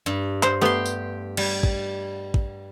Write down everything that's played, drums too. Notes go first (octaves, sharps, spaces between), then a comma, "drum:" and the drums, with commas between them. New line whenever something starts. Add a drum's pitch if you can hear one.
G2
C5, drum: clap
A3 B3 G4 C6
drum: tambourine
G3, drum: cymbal
drum: kick
drum: kick